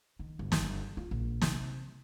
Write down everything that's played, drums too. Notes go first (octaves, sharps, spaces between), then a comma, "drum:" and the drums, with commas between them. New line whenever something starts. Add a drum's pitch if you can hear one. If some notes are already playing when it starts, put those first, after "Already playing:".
D#3
G1
drum: snare
F4
A#1
C3, drum: snare